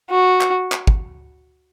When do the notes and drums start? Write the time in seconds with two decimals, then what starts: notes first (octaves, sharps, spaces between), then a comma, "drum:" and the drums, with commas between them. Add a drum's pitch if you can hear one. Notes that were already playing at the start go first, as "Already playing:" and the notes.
0.10 F#4
0.41 drum: clap
0.72 drum: clap
0.87 drum: kick